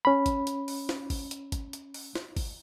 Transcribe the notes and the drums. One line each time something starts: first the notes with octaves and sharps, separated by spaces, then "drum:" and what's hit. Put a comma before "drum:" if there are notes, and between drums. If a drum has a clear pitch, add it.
C#4 B5
drum: kick G#1, hi-hat
drum: hi-hat
drum: open hi-hat
drum: snare
drum: kick G#1, open hi-hat
drum: hi-hat
drum: kick G#1, hi-hat
drum: hi-hat
drum: open hi-hat
drum: snare
drum: kick G#1, open hi-hat